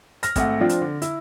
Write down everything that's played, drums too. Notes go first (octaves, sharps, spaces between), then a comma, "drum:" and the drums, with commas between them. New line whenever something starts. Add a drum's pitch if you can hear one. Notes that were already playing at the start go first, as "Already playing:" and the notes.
F6 A#6, drum: hi-hat
G#1 A3 F#5, drum: kick, hi-hat
F3 C4 D4 F4
drum: hi-hat
D3
E4, drum: hi-hat